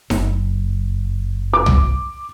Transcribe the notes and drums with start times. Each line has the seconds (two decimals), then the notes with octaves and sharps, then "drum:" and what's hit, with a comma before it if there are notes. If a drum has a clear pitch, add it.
0.10 F#1, drum: snare D#4
1.53 D6
1.66 drum: tom